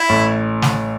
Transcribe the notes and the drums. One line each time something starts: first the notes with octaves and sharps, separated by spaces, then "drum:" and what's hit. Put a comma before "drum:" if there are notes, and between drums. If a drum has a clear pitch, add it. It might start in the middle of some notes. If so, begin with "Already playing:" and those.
Already playing: E4
A1 A2
drum: snare